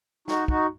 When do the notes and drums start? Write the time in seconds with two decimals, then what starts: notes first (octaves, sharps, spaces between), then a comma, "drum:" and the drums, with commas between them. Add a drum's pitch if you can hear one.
0.28 D#4 F#4, drum: snare
0.48 D#4 F#4, drum: kick